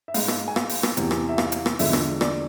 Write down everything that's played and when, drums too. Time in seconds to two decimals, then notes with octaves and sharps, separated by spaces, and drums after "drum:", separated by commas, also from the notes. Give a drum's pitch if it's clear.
0.08 E5
0.14 G#2 G#3 F5, drum: open hi-hat
0.28 drum: rim click
0.48 G#5
0.56 F5, drum: rim click
0.69 drum: open hi-hat
0.83 drum: rim click
0.97 E2 C3 E3, drum: hi-hat
1.11 drum: rim click
1.29 E5
1.38 F5, drum: rim click
1.52 drum: hi-hat
1.66 drum: rim click
1.79 E2 D3 F3 G#3 E5, drum: open hi-hat
1.93 drum: rim click
2.21 D5, drum: rim click